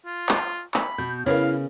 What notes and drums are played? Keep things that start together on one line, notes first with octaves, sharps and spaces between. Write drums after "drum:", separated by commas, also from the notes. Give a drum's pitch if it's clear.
F4
drum: clap
B5, drum: clap
B2 G6
C#3 E4 A#4 B4 C#5 F5